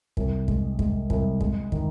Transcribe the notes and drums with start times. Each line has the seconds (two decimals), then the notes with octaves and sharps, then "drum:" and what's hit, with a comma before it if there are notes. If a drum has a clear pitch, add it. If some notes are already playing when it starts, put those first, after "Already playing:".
0.17 C2, drum: kick
0.48 G#3, drum: kick
0.79 G#3, drum: kick
1.10 C2, drum: kick
1.41 G#3, drum: kick
1.72 D#3, drum: kick